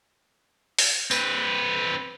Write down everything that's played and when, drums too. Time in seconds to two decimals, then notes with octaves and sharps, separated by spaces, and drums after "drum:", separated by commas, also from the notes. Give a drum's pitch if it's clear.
0.79 drum: open hi-hat
1.11 C4 B4, drum: tambourine